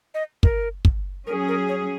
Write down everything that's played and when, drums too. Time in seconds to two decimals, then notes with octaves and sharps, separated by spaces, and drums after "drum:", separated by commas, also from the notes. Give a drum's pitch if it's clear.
0.14 D#5
0.43 A#4, drum: kick
0.85 drum: kick
1.27 F#3 C#4 G#4 A#4
1.48 A#4
1.69 C#5